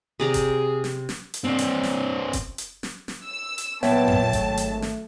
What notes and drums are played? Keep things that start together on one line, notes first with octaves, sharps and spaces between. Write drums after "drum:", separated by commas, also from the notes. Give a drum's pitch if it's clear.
C3 G#4 D5 A#5
drum: kick F#1, hi-hat
drum: snare
drum: snare
drum: hi-hat
C4 D4
drum: hi-hat
drum: snare
drum: kick F#1, hi-hat
drum: hi-hat
drum: snare
drum: snare
E6
drum: hi-hat
A#2 F#3 B3 C#5 E5 G5 A5, drum: snare
drum: tom F2
G#1 A3, drum: kick F#1, hi-hat
drum: hi-hat
drum: snare